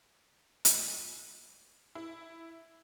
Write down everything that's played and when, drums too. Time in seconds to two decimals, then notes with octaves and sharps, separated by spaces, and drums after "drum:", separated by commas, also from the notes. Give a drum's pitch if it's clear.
0.65 drum: hi-hat
1.95 E4